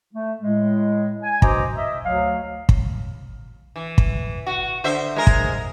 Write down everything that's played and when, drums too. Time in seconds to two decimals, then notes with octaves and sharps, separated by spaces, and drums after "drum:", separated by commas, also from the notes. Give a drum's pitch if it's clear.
0.14 A3
0.41 A2 G#3
1.23 G#5
1.42 G2 B2 C5 D#5 A#5 D6, drum: kick
1.76 D#5 E5
2.04 D2 F#3 F5
2.69 drum: kick
3.76 E3
3.98 drum: kick
4.46 F#4
4.84 D3 C5 E5
5.16 G#3 A#4
5.27 drum: kick